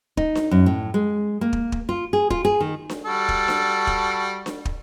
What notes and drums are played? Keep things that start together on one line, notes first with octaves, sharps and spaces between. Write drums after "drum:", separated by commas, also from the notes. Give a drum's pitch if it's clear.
D#4, drum: kick
drum: snare D4
F#2
A2
G#3
A#3
drum: kick
drum: kick
F4
G#4
F4, drum: kick
G#4
D#3
drum: snare D4
G3 F#4 A4
drum: kick
drum: snare D4
drum: kick
drum: snare D4
drum: kick